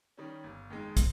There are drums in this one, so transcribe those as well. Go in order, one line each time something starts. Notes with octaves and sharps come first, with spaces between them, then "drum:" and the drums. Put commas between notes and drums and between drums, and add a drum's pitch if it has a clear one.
D#3 G3 C#4
G1
F2 D#3 G#3
drum: kick, hi-hat